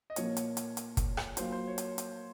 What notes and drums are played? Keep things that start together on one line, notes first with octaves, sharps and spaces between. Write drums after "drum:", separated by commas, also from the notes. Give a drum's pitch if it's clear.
D#5
A#2 F3 A#3 C#5, drum: hi-hat
drum: hi-hat
drum: hi-hat
drum: hi-hat
drum: kick, hi-hat
drum: rim click
F#3 A#3 F4 C5, drum: hi-hat
C5
C#5
drum: hi-hat
drum: hi-hat